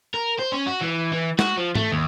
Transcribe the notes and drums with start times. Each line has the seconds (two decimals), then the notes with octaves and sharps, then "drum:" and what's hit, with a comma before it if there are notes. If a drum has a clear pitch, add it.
0.14 A#4
0.39 C5
0.53 C#4
0.67 F#4
0.82 E3
1.13 E3
1.39 F#4, drum: snare G#3
1.58 F3
1.75 A3, drum: tom G#2
1.91 D#2